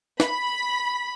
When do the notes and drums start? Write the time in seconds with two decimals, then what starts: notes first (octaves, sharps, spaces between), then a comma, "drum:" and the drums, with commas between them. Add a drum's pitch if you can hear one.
0.20 B5, drum: snare